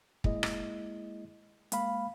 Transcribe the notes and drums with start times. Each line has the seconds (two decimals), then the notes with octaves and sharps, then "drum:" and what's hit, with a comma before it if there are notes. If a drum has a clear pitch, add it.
0.24 G#3 A#3 E4 G#4 D#5, drum: kick
0.43 drum: rim click
1.72 G#3 A#3 F5 B5, drum: hi-hat